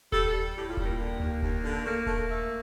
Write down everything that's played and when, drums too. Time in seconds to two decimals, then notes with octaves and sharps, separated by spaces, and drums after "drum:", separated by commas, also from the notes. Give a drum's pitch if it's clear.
0.12 G3 A4, drum: kick D#1
0.26 A4
0.33 G3
0.55 A2 G4
0.69 F4
0.77 G3, drum: kick D#1
0.84 A#3
0.99 D3
1.20 D#2, drum: tom D2
1.42 D#2, drum: kick D#1
1.63 D3
1.85 A3 A#3
2.06 A3, drum: kick D#1
2.28 A3